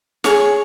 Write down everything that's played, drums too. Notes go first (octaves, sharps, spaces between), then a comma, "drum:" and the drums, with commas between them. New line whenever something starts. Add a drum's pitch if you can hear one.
G#4 C#5 C#6, drum: snare